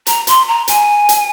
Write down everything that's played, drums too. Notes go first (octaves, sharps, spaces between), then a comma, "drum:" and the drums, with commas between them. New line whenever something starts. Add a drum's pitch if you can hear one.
A#5, drum: hi-hat
C6, drum: hi-hat
A#5
G#5, drum: hi-hat
drum: hi-hat